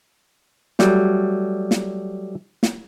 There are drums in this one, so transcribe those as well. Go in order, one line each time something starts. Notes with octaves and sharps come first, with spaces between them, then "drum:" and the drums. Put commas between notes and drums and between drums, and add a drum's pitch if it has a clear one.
F#3 G3 A3, drum: snare
drum: snare
drum: snare